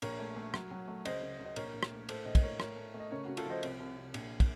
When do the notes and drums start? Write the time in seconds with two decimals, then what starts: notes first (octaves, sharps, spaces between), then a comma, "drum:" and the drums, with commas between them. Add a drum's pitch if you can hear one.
0.02 A#1 A#4 C#5, drum: cymbal
0.20 A3
0.37 A3
0.54 F#3, drum: rim click
0.71 F#3
0.88 A3
1.05 C#2 C5 D#5, drum: cymbal
1.22 C#3
1.39 C#2
1.46 D#5
1.56 A#1 A#4 C#5, drum: cymbal
1.73 A#1
1.83 drum: rim click
1.92 A3
2.09 A2 A4 C5, drum: cymbal
2.25 A#1 C5 D#5
2.35 D#5, drum: kick, cymbal
2.42 A2 A#4 C#5
2.60 A2 A#4 C#5, drum: rim click
2.77 A3
2.94 A3
2.99 D#5
3.11 C#3 A#4 C#5
3.25 C#3 F#4
3.37 F4 A4, drum: cymbal
3.46 F3 C5 D#5
3.63 C2, drum: cymbal
3.80 C2
3.97 C3
4.14 A#1, drum: cymbal
4.40 drum: kick, cymbal